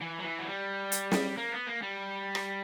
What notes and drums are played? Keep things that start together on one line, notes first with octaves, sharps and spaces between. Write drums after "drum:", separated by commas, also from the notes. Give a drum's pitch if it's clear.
E3
F#3
E3
F#3
G3
drum: hi-hat
drum: snare
A#3
B3
A#3
G3
drum: rim click